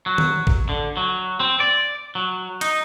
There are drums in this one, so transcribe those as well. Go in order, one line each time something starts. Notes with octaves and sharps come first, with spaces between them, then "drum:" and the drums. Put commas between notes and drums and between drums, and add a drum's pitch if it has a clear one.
F#3
drum: tom D#3
drum: kick A1
D3
F#3
C4
D5
F#3
D#4, drum: hi-hat